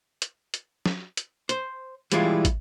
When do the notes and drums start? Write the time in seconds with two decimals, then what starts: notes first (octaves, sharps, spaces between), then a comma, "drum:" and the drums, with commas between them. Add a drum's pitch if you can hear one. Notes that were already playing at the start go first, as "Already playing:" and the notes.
0.22 drum: hi-hat
0.54 drum: hi-hat
0.86 drum: snare
1.17 drum: hi-hat
1.49 C5, drum: hi-hat
2.12 E3 G3 G#3 E4 F4, drum: hi-hat
2.45 drum: kick, hi-hat